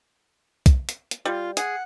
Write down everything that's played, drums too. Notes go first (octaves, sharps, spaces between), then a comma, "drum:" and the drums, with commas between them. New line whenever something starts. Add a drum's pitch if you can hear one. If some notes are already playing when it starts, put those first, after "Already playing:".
drum: kick, hi-hat
drum: hi-hat
drum: hi-hat
G3 F4
G#4 F#5, drum: hi-hat